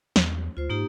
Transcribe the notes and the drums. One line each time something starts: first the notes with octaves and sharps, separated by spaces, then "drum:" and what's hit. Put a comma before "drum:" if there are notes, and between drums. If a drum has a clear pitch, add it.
E2, drum: snare
D2 F4 C5
G#2 A#3 D#4 G4